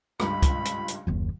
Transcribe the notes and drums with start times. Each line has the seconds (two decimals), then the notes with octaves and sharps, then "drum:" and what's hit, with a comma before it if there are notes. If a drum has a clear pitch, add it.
0.20 C#2 G2 B5, drum: rim click
0.42 drum: kick, hi-hat
0.65 drum: hi-hat
0.88 drum: hi-hat
1.07 F#1 D#2